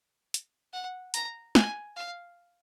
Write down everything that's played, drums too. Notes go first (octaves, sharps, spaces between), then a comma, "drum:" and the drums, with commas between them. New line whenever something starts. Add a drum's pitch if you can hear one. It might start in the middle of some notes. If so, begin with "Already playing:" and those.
drum: hi-hat
F#5
A#5, drum: hi-hat
G#5, drum: snare
F5